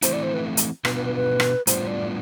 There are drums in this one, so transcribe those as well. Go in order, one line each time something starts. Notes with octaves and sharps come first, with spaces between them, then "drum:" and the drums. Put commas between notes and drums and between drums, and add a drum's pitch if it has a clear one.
E3 A3 C4 E4 C5, drum: hi-hat
D5
C5
B4
drum: hi-hat
B2 B3 D4 F4 B4, drum: rim click
B4
B4
B4
drum: rim click
A2 G3 B3 D4 F4 C5, drum: hi-hat
D5